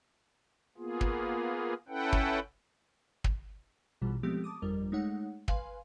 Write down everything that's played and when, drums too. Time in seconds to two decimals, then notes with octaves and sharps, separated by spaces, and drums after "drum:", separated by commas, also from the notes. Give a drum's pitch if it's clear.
0.78 A#3 B3 F4 G#4
1.01 drum: kick
1.88 C#4 E4 A4 B4 F#5 G5
2.13 drum: kick
3.24 drum: kick
4.02 A#1 B2 E3 G3
4.23 F3 G#3 A3 B3 C4 G4
4.44 A5 D6 D#6
4.62 G1 F2 G3 A#4
4.92 G#3 A3 D#4 C#5 F#5
5.48 B4 F5 G#5 C6, drum: kick